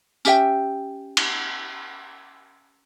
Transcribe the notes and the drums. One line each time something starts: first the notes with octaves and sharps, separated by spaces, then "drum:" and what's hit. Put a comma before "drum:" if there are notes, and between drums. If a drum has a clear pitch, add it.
C#4 G4 E5 G5, drum: tambourine
drum: cymbal